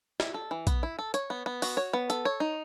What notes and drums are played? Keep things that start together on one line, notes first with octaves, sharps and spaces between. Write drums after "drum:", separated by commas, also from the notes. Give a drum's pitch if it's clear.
E4, drum: snare
A4
E3
B3, drum: kick A#1, hi-hat
E4
A4
C#5, drum: hi-hat
B3
B3
F#4, drum: open hi-hat
C#5
B3
A4, drum: hi-hat
C#5
D#4